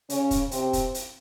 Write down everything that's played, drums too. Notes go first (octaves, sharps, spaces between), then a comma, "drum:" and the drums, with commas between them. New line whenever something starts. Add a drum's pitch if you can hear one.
C#3 C#4, drum: hi-hat
drum: kick, hi-hat
C3 C4, drum: hi-hat
drum: kick, hi-hat
drum: hi-hat